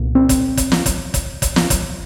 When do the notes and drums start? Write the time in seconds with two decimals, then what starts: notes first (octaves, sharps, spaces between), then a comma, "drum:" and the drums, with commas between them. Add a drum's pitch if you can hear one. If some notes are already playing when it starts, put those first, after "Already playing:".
Already playing: C2 A#2
0.15 C4
0.29 drum: kick, hi-hat
0.58 drum: kick, hi-hat
0.72 drum: snare
0.86 drum: kick, hi-hat
1.14 drum: kick, hi-hat
1.42 drum: kick, hi-hat
1.56 drum: snare
1.70 drum: kick, hi-hat